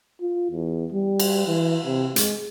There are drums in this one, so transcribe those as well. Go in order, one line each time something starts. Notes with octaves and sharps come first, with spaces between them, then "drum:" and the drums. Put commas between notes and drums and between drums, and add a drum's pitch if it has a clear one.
F4
E2
G3
drum: cymbal
E3
C3
G#3, drum: hi-hat